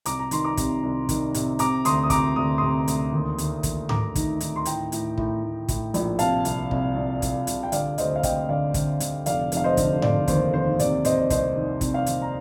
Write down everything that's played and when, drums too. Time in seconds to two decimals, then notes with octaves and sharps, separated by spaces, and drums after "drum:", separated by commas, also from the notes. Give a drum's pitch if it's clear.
0.05 C2 A#5 D6, drum: hi-hat
0.19 A#5
0.31 D#3 C6, drum: hi-hat
0.44 A#5 D6
0.57 C3, drum: kick, hi-hat
0.83 C2
1.09 D#3, drum: kick, hi-hat
1.34 C3, drum: hi-hat
1.59 C3 A#5 D6, drum: hi-hat
1.85 D2 C6 D#6, drum: hi-hat
2.03 D#6
2.10 C3 A#5 D6, drum: kick, hi-hat
2.36 D2 D#6
2.58 C3 C6 D#6
2.88 D2, drum: hi-hat
3.13 D#2
3.38 D#2, drum: hi-hat
3.63 D#2, drum: kick, hi-hat
3.89 D#2 A#5 D6, drum: tom G#2
4.15 D#3, drum: kick, hi-hat
4.40 D#3, drum: hi-hat
4.56 C6
4.65 A2 G5 A#5, drum: hi-hat
4.92 A2, drum: hi-hat
5.17 A2, drum: kick
5.43 A2
5.68 A2, drum: kick, hi-hat
5.94 A#1, drum: hi-hat
6.19 C3 F5 A5, drum: hi-hat
6.45 C2, drum: hi-hat
6.71 C2, drum: kick
6.95 C2
7.22 C2, drum: kick, hi-hat
7.47 C2, drum: hi-hat
7.63 G5
7.72 D3 D5 F5, drum: hi-hat
7.98 D2 C5 D#5, drum: hi-hat
8.16 F5
8.23 D2 D#5 G5, drum: kick, hi-hat
8.49 D3 D5 F5
8.74 D3, drum: kick, hi-hat
9.00 D3, drum: hi-hat
9.26 F1 D5 F5, drum: hi-hat
9.52 F1 F5, drum: hi-hat
9.64 C5 D#5
9.77 D3, drum: kick, hi-hat
10.02 D3 D5, drum: tom G#2
10.28 D#2 C5, drum: kick, hi-hat
10.53 D#2 C5
10.79 C3 D5, drum: hi-hat
11.05 C3 C5 D#5, drum: hi-hat
11.19 D5
11.30 C2 C5 D#5, drum: kick, hi-hat
11.56 D#3
11.81 C2, drum: kick, hi-hat
11.94 D5 F5
12.06 D#3, drum: hi-hat
12.22 A#5